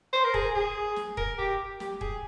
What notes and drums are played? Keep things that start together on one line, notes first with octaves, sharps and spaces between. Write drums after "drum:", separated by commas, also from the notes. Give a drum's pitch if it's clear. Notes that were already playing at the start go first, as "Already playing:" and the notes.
C5
A#4
G#4, drum: kick
G#4
drum: snare
A#4, drum: kick
G4
G4, drum: snare
G#4, drum: kick